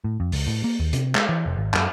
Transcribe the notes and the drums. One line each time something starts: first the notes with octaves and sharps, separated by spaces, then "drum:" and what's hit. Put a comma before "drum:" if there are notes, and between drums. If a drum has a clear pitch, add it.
A2
F2
C#2, drum: open hi-hat
A2
A#3
D#2
C3, drum: hi-hat
G#3, drum: clap
E3
F1
G#1
F#2, drum: clap